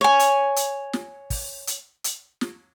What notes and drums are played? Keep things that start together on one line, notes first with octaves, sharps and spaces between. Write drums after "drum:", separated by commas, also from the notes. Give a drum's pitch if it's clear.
C#5 G#5
drum: hi-hat
drum: hi-hat
drum: snare
drum: kick, open hi-hat
drum: hi-hat
drum: hi-hat
drum: snare